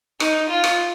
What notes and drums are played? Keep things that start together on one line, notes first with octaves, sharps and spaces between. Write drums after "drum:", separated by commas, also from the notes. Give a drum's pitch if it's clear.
D#4, drum: rim click
F4
drum: rim click